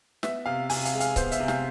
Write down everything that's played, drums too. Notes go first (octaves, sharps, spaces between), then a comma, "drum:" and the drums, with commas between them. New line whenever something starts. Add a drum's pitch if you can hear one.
B3 E5, drum: snare
C3 F5
C3 G#5, drum: open hi-hat
F5, drum: hi-hat
G#3
F5, drum: hi-hat
B3 C5, drum: kick C#1, hi-hat
E5, drum: hi-hat
C3
F5, drum: snare